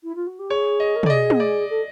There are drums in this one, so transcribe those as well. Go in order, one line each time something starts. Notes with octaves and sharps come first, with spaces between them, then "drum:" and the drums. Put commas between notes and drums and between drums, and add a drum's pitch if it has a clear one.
E4
F4
F#4
G4
G#4 C#5
D#5
A#4
A4, drum: tom
D5
G#4 D#5
drum: tom
D5
A4